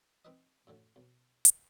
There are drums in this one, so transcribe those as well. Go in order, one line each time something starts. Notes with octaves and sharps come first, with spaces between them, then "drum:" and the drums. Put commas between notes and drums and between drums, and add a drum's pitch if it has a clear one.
C4 D#4 A#4 B4 D#5
F#2 A2 D3
B1
drum: hi-hat